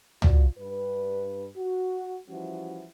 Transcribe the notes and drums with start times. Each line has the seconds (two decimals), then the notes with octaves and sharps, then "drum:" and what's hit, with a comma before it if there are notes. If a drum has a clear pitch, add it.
0.22 F4 F#4 D5, drum: tom
0.58 G2 B4
1.56 F#4
2.28 E3 F3 G3 C#4 E4 F#4